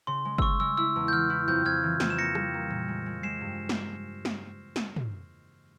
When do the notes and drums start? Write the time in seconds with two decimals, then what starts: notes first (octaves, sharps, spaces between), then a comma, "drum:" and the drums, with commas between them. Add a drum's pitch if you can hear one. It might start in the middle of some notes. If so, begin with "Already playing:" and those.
0.07 C#3 C6
0.25 G#3
0.38 E6, drum: kick G1
0.42 C#3 C#6
0.60 G#3 E6
0.77 E4 E6
0.96 E2
1.08 G6
1.13 E3 F6
1.30 E4
1.48 F2 G6
1.65 F2 F6 G#6
1.83 E3
2.00 F2, drum: snare
2.10 E7
2.18 A#3 A#6 C#7
2.35 G3, drum: rim click
2.54 A#3
2.70 A#2
2.88 G#3
3.06 G#3
3.23 G#3 C7 E7
3.41 G2
3.69 drum: snare
4.25 drum: snare
4.76 drum: snare
4.96 drum: tom